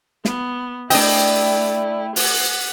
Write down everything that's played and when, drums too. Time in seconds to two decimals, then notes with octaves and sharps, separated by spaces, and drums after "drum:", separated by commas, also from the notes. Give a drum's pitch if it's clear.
0.25 B3, drum: snare
0.90 A3 D4 E4 D#5 G5, drum: open hi-hat
2.16 F#5, drum: open hi-hat